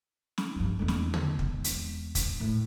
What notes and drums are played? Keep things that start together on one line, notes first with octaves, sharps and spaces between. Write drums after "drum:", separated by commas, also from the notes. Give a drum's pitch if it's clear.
drum: snare
G2 F3
E2 G#3
drum: snare
drum: tom
drum: kick
drum: hi-hat
drum: kick, hi-hat
A2